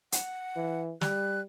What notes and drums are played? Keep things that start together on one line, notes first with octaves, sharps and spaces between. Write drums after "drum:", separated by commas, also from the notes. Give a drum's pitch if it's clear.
F#5, drum: hi-hat
E3
G3 F#6, drum: snare